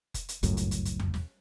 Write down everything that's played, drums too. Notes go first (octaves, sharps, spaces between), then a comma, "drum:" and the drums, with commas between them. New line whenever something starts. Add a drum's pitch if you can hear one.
drum: kick F1, hi-hat
drum: hi-hat
G1 C#2 F#2 A2, drum: hi-hat
drum: hi-hat
drum: hi-hat
drum: hi-hat
drum: tom E2
drum: snare